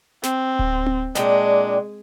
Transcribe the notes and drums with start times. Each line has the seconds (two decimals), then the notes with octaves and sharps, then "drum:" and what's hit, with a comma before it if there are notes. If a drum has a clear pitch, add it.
0.23 C4, drum: snare
0.59 drum: kick D1
0.86 drum: tom C4
1.15 A#2 G#3 D4 G5, drum: snare